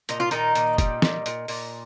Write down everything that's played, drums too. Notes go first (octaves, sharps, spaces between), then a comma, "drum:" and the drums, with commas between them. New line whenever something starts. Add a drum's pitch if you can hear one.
A#2 D#4, drum: hi-hat
F4
A#2 D#3 D#4, drum: hi-hat
A#2, drum: hi-hat
G3, drum: kick, hi-hat
A#2, drum: snare
A#2, drum: hi-hat
A#2, drum: open hi-hat